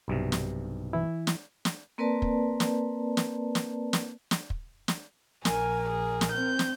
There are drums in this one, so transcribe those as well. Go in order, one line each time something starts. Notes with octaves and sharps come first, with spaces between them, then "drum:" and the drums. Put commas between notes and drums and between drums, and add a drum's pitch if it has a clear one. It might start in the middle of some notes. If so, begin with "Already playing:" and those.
B1 G2 C3
drum: snare
E3 E4
drum: snare
drum: snare
A#3 C4 A#4 B4 D5 A5
drum: kick
drum: snare
drum: snare
drum: snare
drum: snare
drum: snare
drum: kick
drum: snare
A#1 A#4 G#5, drum: snare
G#4
drum: snare
C4 G6
drum: snare